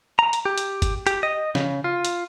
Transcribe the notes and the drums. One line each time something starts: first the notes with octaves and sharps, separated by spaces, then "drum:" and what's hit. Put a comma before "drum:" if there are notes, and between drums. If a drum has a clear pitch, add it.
A#5
drum: hi-hat
G4
drum: hi-hat
drum: kick, hi-hat
G4, drum: hi-hat
D#5
C#3, drum: snare
F4
drum: hi-hat